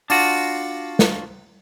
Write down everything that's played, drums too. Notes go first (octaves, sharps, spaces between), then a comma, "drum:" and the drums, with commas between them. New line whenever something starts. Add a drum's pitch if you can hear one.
D4 F4 F#4, drum: open hi-hat
drum: snare